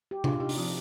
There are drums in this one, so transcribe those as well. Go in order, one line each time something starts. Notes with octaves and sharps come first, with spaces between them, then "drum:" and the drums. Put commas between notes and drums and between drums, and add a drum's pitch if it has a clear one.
G4
D4 F4, drum: tom C3
D#4 G4
D4, drum: open hi-hat
F3 C4